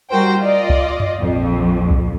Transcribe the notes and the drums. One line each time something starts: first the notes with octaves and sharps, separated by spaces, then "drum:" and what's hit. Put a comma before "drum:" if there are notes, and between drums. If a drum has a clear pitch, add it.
G3 F#4 A#4 C5 G5
F4 D5 D#5
drum: kick C2
drum: tom F#2
A#1 F2
drum: kick C2